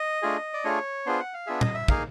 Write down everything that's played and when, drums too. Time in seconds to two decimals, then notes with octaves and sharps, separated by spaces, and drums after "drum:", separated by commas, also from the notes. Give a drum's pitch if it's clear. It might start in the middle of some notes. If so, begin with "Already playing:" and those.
Already playing: D#5
0.22 A3 D4 F4 G#4
0.54 D5
0.64 A3 D4 F4 G#4 C#5
1.06 B3 D4 F4 G#4 C5
1.20 F#5
1.34 F5
1.47 B3 D4 F4 G#4 E5
1.61 D#5, drum: tom A#2
1.74 E5
1.88 A#3 D#4 G#4 F5, drum: kick